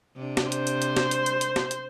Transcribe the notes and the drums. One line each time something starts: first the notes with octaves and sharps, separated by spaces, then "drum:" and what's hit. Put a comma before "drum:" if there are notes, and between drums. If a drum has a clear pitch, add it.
C3 D4
drum: snare
C5, drum: hi-hat
drum: hi-hat
drum: hi-hat
drum: snare
drum: hi-hat
drum: hi-hat
drum: hi-hat
drum: snare
drum: hi-hat